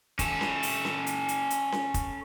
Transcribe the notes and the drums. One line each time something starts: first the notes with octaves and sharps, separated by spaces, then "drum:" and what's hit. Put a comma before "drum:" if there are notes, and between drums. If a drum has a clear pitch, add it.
C#4 A4, drum: kick, hi-hat
drum: snare C#4
drum: open hi-hat
drum: snare C#4
drum: hi-hat
drum: hi-hat
drum: hi-hat
drum: snare C#4
drum: kick, hi-hat